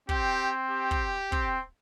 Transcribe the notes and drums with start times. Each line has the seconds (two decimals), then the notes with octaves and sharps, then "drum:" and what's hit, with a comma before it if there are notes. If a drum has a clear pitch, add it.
0.09 C4 G4, drum: kick
0.70 G4
0.91 drum: kick
1.32 C4, drum: kick